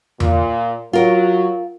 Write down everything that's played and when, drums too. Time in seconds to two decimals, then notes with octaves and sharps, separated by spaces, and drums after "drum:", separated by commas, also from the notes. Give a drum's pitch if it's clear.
0.20 A#2, drum: tom E2
0.93 F#3 F4 A#4